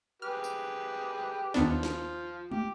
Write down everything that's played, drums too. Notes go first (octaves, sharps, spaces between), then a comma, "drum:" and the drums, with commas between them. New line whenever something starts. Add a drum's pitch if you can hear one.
G4 G#4 B4 F6
drum: tambourine
D#2 F3 B3 D4, drum: snare
drum: snare
G4, drum: tom